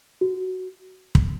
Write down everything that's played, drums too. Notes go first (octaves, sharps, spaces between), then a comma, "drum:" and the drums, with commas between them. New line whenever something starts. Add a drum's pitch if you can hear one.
F#4
drum: kick